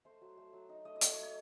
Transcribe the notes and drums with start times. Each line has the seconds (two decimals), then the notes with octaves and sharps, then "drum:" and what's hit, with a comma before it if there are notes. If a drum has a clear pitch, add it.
0.05 A3 C5
0.21 F#3
0.37 A3
0.53 F#3
0.69 D#4
0.85 A3 D#5
0.96 D#5
1.01 A3 C#5, drum: hi-hat
1.12 C#5
1.17 A3
1.22 C#5